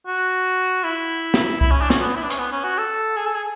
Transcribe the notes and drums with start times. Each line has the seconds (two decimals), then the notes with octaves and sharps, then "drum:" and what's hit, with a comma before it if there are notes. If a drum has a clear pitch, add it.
0.07 F#4
0.84 E4
1.34 drum: snare
1.61 E4, drum: kick C2
1.71 C#4
1.81 D4
1.90 C#4, drum: snare
2.00 B3
2.15 E4
2.23 D4
2.30 C#4, drum: hi-hat
2.39 B3
2.52 C#4
2.64 F#4
2.78 A4
3.17 G#4
3.26 A4
3.35 G#4